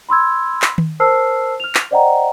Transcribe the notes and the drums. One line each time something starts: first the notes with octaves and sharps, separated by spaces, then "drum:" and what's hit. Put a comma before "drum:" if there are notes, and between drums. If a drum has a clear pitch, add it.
B5 C6 E6 G#6
drum: clap
drum: tom D#3
A#4 C5 A5 E6 F6 C7
F6 F7
drum: clap
C5 D5 D#5 F#5 G5 A#5